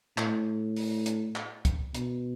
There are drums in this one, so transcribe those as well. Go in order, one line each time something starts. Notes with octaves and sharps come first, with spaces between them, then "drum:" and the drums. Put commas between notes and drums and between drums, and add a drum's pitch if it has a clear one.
A2, drum: clap
drum: open hi-hat
drum: hi-hat
drum: clap
drum: kick C#2, hi-hat
B2, drum: hi-hat